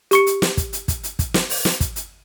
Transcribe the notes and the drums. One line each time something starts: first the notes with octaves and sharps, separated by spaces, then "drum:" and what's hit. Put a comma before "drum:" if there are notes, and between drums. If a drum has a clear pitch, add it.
G4 C#6 C#7, drum: hi-hat
drum: hi-hat
drum: snare
drum: kick, hi-hat
drum: hi-hat
drum: kick, hi-hat
drum: hi-hat
drum: kick, hi-hat
drum: snare
drum: open hi-hat
drum: snare
drum: kick, hi-hat
drum: hi-hat